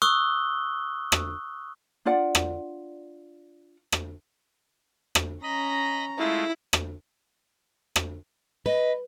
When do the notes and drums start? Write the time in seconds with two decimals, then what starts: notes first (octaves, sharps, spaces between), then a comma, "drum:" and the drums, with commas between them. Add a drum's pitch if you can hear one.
0.02 C#6 D#6 E6 F#6 G7
1.12 drum: rim click
2.05 D4 F4 D5 F#5
2.35 drum: rim click
3.92 drum: rim click
5.15 drum: rim click
5.43 C#4 D#5 A#5 B5 A#6
6.18 G#3 A3 E4 F4
6.73 drum: rim click
7.96 drum: rim click
8.66 B4 D#5